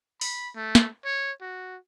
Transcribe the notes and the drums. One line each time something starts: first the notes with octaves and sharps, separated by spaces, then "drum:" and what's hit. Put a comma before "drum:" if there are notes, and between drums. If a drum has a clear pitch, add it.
B5, drum: open hi-hat
A3
drum: snare
C#5
F#4